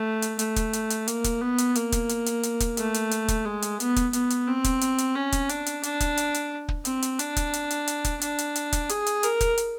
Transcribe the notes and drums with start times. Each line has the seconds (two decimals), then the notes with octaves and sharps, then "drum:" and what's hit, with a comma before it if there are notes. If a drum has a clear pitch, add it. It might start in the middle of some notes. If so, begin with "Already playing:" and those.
Already playing: A3
0.22 drum: hi-hat
0.39 A3, drum: hi-hat
0.56 drum: kick, hi-hat
0.73 drum: hi-hat
0.90 drum: hi-hat
1.08 A#3, drum: hi-hat
1.24 drum: kick, hi-hat
1.41 B3
1.58 drum: hi-hat
1.75 A#3, drum: hi-hat
1.92 drum: kick, hi-hat
2.09 drum: hi-hat
2.26 drum: hi-hat
2.43 drum: hi-hat
2.60 drum: kick, hi-hat
2.77 A3, drum: hi-hat
2.94 drum: hi-hat
3.11 drum: hi-hat
3.28 drum: kick, hi-hat
3.45 G#3
3.62 drum: hi-hat
3.80 B3, drum: hi-hat
3.96 drum: kick, hi-hat
4.13 B3, drum: hi-hat
4.30 drum: hi-hat
4.47 C4
4.64 drum: kick, hi-hat
4.81 drum: hi-hat
4.98 drum: hi-hat
5.15 C#4
5.32 drum: kick, hi-hat
5.49 D4, drum: hi-hat
5.66 drum: hi-hat
5.83 D4, drum: hi-hat
6.00 drum: kick, hi-hat
6.17 drum: hi-hat
6.34 drum: hi-hat
6.68 drum: kick
6.85 C4, drum: hi-hat
7.02 drum: hi-hat
7.19 D4, drum: hi-hat
7.36 drum: kick, hi-hat
7.53 drum: hi-hat
7.70 drum: hi-hat
7.87 drum: hi-hat
8.05 drum: kick, hi-hat
8.21 D4, drum: hi-hat
8.39 drum: hi-hat
8.56 drum: hi-hat
8.73 drum: kick, hi-hat
8.89 G#4, drum: hi-hat
9.07 drum: hi-hat
9.23 A#4, drum: hi-hat
9.41 drum: kick, hi-hat
9.58 drum: hi-hat